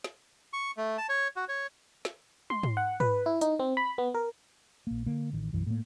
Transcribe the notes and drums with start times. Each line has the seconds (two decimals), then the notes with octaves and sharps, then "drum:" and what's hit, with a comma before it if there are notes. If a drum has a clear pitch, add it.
0.04 drum: snare
0.53 C#6
0.77 A3
0.98 A5
1.09 C#5
1.37 F#4
1.49 C#5
2.05 drum: snare
2.50 C6, drum: tom
2.63 drum: tom G#2
2.77 F#5
3.00 B4, drum: tom G#2
3.26 E4
3.41 D#4, drum: hi-hat
3.59 C4
3.77 B5
3.98 B3
4.14 A#4
4.87 A#1 A#3
5.06 D3 A#3
5.33 A1 D#3
5.53 B1 F#2 E3
5.67 A2 A#3